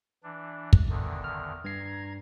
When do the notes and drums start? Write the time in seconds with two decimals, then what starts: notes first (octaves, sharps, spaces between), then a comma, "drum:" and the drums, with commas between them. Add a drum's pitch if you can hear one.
0.23 E3 D4
0.73 drum: kick
0.89 E2 D3 D#3
1.24 F6
1.64 G2 A#5 G#6 C7